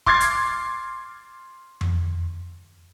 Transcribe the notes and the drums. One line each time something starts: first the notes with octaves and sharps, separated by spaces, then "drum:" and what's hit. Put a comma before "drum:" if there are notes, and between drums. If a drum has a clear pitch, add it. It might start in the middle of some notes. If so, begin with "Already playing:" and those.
C6 D6 F6 G#6 A6 C7, drum: kick
drum: hi-hat
drum: tom F2